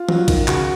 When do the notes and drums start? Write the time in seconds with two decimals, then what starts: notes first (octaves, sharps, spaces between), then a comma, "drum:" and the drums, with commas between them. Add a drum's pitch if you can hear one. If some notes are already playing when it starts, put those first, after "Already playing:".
Already playing: F4
0.09 F#3, drum: tom E3
0.28 D#3, drum: kick A1, cymbal
0.48 C#3 F#4, drum: clap